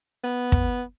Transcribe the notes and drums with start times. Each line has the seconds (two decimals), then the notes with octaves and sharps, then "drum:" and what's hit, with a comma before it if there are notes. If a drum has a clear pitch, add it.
0.24 B3
0.52 drum: kick